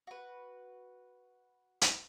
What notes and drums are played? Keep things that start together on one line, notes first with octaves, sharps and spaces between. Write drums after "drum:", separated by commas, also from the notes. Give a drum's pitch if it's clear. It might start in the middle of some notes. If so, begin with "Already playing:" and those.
F#4 B4
drum: hi-hat